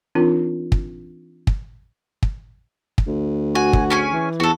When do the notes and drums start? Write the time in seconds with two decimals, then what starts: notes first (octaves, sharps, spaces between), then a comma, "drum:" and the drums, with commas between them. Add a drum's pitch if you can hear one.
0.15 E3 C4 D4 D#4 F4 A#4
0.72 drum: kick
1.47 drum: kick
2.23 drum: kick
2.98 drum: kick
3.07 D2
3.55 F#4 G#5
3.73 drum: kick
3.90 C#4 G#4 G#5
4.13 E3
4.40 E2 F#4 A4